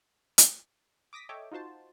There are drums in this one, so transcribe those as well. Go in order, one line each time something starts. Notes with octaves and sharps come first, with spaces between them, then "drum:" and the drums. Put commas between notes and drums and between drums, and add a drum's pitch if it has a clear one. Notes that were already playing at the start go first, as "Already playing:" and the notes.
drum: hi-hat
D6 D#6 A#6 B6
A4 C#5 D#5 E5 G5 D6
D#4 F4 F#4 C5 A5